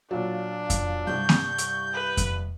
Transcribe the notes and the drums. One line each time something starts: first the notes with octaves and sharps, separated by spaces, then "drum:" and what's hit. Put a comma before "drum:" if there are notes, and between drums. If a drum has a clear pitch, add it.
A#2 F#3 D4 F5
drum: kick F2, hi-hat
C2 G2 C#6 G6
drum: snare A#3
drum: hi-hat
B4 E5
drum: kick F2, hi-hat